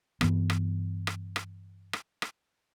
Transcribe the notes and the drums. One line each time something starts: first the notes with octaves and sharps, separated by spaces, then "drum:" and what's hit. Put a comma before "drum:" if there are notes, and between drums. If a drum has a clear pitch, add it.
G2 E3 B3, drum: rim click
drum: rim click
drum: rim click
drum: rim click
drum: rim click
drum: rim click